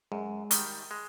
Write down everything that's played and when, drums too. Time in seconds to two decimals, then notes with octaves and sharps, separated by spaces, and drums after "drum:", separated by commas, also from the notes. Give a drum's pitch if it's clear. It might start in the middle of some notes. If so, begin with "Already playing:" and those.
0.12 F#2 G#3 G#4
0.51 D#3 G3, drum: hi-hat
0.91 G#3